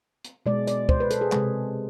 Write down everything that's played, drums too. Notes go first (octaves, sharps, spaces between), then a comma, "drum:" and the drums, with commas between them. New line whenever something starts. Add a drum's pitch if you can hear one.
drum: hi-hat
B2 G#3 D5
D5, drum: hi-hat
C5, drum: kick
B4
A4, drum: hi-hat
G#4
C3 G#3, drum: clap